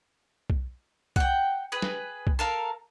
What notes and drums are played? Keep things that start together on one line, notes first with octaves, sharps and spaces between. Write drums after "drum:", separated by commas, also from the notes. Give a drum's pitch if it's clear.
drum: kick B1
F#5 G5, drum: kick B1
G#4 B4
drum: snare
drum: kick B1
A4 A#4 F5